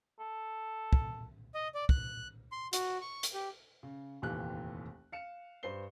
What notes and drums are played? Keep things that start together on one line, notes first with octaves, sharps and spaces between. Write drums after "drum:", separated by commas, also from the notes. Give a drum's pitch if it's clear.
A4
drum: kick
D#5
D5
F#6, drum: kick
C6
F#4, drum: hi-hat
C#6
drum: hi-hat
G4
C#3
F1 A#1 D#2 E3 G4 F#6
F5 C#7 E7
G2 B4 C5 C7 G7